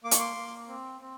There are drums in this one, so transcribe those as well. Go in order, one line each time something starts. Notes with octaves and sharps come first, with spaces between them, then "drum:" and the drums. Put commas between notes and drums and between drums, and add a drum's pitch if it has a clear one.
A#3 D6
C#6, drum: hi-hat
C6 D6
A#3
C4
C4